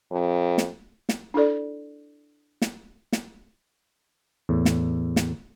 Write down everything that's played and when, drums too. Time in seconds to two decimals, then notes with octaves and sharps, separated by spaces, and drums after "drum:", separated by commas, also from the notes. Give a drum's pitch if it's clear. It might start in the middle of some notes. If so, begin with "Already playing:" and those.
0.11 F2
0.58 drum: snare
1.09 drum: snare
1.34 D4 E4 A4 D5
2.62 drum: snare
3.13 drum: snare
4.49 E2 A2
4.65 drum: snare
5.16 drum: snare